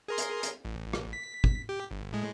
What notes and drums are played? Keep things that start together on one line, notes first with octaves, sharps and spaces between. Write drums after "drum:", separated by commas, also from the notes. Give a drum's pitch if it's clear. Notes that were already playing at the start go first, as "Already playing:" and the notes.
G#4 A#4 C6
drum: hi-hat
drum: hi-hat
A1
drum: rim click
B6
drum: kick
G4
G1
A2 G#3